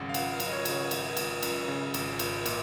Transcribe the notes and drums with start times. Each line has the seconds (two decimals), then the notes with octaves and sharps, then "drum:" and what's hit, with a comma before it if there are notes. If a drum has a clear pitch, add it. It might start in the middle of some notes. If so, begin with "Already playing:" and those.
Already playing: G#1 F#2 C#3 F#5
0.09 F5
0.14 G#1 F#5, drum: cymbal
0.33 F5
0.40 F#2, drum: cymbal
0.47 D#5
0.53 C#5
0.65 C#3, drum: cymbal
0.72 C#5
0.91 G#1, drum: cymbal
1.17 G#1, drum: cymbal
1.42 F#2, drum: cymbal
1.68 C#3
1.94 G#1, drum: cymbal
2.19 G#1, drum: cymbal
2.46 A#2, drum: cymbal